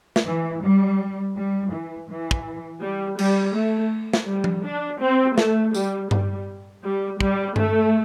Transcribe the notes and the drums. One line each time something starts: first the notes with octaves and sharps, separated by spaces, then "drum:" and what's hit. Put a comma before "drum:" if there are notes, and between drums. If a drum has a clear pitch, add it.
drum: snare
E3
G3
G3
E3
E3
drum: kick
G3
G3, drum: cymbal
A3
drum: snare
G3
drum: tom F3
D4
C4
A3, drum: snare
G3, drum: tambourine
G3, drum: tom G2
G3
G3, drum: kick
A3, drum: tom G2